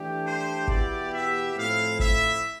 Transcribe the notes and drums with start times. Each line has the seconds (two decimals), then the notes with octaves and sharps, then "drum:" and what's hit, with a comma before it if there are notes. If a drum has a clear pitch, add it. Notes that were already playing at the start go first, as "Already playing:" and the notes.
Already playing: E3 A3 D4 G4
0.24 C5
0.68 E2 B2 B3 E4 G4 D5, drum: kick G1
1.12 E5
1.55 A2 F3 C4 E4 F5
1.99 E5, drum: kick G1